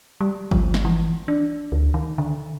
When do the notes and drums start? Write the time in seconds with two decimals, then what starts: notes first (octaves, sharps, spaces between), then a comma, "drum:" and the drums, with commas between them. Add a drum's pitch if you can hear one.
0.21 G3
0.51 F3, drum: kick G1
0.74 drum: snare
0.85 E3
1.28 D4
1.72 D2
1.94 D#3
2.18 D3